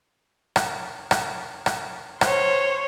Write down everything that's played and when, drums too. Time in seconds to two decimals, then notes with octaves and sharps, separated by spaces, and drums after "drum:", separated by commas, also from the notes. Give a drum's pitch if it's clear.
0.56 drum: rim click
1.11 drum: rim click
1.66 drum: rim click
2.21 C5 C#5, drum: rim click